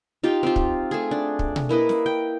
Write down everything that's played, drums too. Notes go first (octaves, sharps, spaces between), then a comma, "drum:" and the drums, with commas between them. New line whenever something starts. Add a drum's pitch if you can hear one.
D#4 F4 G4
C4 F4
drum: kick
A3 G#4
D4
drum: kick
drum: tom B2
A#3 E4 B4 D#5
drum: snare
G5